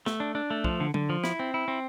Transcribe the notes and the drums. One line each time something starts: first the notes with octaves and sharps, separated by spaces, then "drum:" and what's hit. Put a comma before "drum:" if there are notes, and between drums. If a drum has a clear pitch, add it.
A3, drum: snare
D4
D4
A3
F3, drum: kick
D3
D3, drum: tom F#3
F3
E4, drum: snare
C4
E4
C4